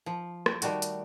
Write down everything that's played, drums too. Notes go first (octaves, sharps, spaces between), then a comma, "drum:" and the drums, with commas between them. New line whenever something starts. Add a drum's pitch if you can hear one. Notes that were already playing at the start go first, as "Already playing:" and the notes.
F3
G5, drum: rim click
D#3 G3 A3 F#4, drum: hi-hat
drum: hi-hat